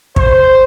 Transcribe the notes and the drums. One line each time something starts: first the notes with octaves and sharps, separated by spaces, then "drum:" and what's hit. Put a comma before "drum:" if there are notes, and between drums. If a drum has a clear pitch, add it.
C5, drum: kick